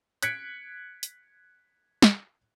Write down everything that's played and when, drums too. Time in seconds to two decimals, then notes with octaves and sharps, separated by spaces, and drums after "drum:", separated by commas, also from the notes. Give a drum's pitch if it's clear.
0.23 F#6 G#6 B6 C#7 D7, drum: hi-hat
1.03 drum: hi-hat
2.02 drum: snare